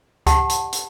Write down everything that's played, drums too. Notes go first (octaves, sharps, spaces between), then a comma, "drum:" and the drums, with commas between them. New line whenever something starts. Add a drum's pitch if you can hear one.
G4 F#5 A5, drum: kick C#2, hi-hat
drum: hi-hat
drum: hi-hat